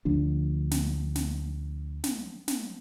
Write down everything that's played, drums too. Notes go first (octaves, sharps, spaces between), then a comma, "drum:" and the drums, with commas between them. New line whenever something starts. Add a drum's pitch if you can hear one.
D2 D3 F3 D4
drum: snare
drum: snare
drum: snare
drum: snare